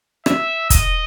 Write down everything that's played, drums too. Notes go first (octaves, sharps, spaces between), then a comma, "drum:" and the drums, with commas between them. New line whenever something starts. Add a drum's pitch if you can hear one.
E5, drum: rim click
D#5, drum: kick, hi-hat